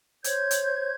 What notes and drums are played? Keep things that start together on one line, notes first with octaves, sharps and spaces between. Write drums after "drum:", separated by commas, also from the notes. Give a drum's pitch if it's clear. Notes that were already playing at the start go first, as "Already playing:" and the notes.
C5 C#5 G6 G#6, drum: hi-hat
drum: hi-hat